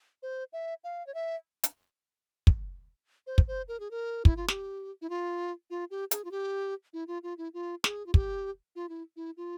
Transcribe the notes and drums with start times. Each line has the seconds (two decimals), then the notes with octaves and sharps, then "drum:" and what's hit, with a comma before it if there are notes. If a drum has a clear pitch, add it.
0.23 C5
0.53 E5
0.84 F5
1.07 C#5
1.14 E5
1.64 drum: hi-hat
2.47 drum: kick
3.27 C5
3.38 drum: kick
3.48 C5
3.68 A#4
3.80 G#4
3.91 A#4
4.25 E4, drum: kick
4.37 F4
4.48 G4, drum: snare
5.02 E4
5.10 F4
5.70 F4
5.91 G4
6.11 G#4, drum: hi-hat
6.25 F4
6.31 G4
6.93 E4
7.08 F4
7.23 F4
7.38 E4
7.54 F4
7.84 G#4, drum: snare
8.06 F4
8.14 G4, drum: kick
8.76 F4
8.89 E4
9.16 E4
9.37 F4